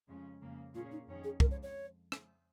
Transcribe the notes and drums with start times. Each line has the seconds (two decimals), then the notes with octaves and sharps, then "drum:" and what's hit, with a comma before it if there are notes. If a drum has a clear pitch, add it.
0.08 F2 C#3 F3 G#3 C#4
0.41 F2 C#3 A#3
0.73 A#2 A#3 C#4 F4 G#4 C#5
0.91 D#4
1.06 F2 D#3 C#4 G#4 C#5
1.24 G#4
1.40 F2 F3 G#3 A#4, drum: kick
1.51 C#5
1.63 C#5
2.12 drum: rim click